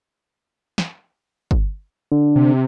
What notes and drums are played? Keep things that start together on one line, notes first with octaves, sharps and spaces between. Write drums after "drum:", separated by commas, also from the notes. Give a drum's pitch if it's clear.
drum: snare
drum: kick G1
D3
C3